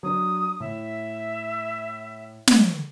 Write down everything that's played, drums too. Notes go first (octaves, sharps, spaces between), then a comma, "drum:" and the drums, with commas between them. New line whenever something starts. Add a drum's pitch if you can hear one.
F#3 D4 D#6
A2 E5
drum: snare